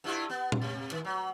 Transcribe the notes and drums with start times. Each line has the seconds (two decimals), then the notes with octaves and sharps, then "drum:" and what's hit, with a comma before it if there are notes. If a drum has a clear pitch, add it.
0.04 G2 E4 F4
0.30 B3
0.52 drum: tom A#2
0.61 C3
0.91 D#3
1.05 F#3